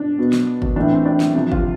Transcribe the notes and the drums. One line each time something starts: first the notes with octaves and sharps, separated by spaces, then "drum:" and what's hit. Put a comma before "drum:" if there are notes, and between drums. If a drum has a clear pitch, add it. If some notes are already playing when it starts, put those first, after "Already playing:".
Already playing: D4
B2
drum: snare
drum: kick G1
A2 E3 D4
C4
D4
drum: snare
C3 F3
F4, drum: kick G1